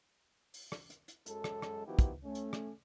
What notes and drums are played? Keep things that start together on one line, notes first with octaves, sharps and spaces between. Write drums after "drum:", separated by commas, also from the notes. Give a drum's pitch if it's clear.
drum: open hi-hat
drum: rim click
drum: hi-hat
drum: hi-hat
F#2 G#3 A4, drum: hi-hat
drum: rim click
drum: rim click
D#3 F3 B3 E4 F#4 G4
drum: kick, hi-hat
A3 C#4
drum: hi-hat
drum: rim click